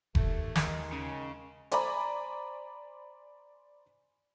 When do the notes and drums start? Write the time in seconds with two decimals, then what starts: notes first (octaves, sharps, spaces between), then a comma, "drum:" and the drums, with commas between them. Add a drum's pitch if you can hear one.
0.15 D#2 A3, drum: kick F1
0.55 D#3 G#3, drum: snare
0.92 C#3
1.71 C5 D5 G#5 A#5 B5 D6, drum: hi-hat